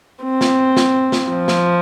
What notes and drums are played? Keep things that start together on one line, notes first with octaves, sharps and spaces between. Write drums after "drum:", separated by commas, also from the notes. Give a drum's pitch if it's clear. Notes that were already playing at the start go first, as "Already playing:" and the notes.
C4
drum: snare
drum: snare
drum: snare
F3
drum: snare